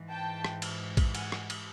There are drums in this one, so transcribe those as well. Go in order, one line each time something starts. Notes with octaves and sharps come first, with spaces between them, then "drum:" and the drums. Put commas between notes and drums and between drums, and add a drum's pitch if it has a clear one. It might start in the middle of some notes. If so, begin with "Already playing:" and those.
Already playing: G#2 E3
G5 A5
drum: rim click
drum: cymbal
drum: kick A#1, cymbal
F#5 G#5, drum: cymbal
drum: rim click
drum: cymbal